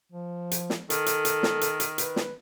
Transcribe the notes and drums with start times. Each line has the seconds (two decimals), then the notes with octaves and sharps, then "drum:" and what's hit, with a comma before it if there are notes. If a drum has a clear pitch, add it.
0.12 F3
0.51 drum: hi-hat
0.70 drum: snare
0.90 D#3 A4, drum: hi-hat
1.06 drum: hi-hat
1.25 drum: hi-hat
1.43 drum: snare
1.61 drum: hi-hat
1.80 drum: hi-hat
1.98 B4, drum: hi-hat
2.16 drum: snare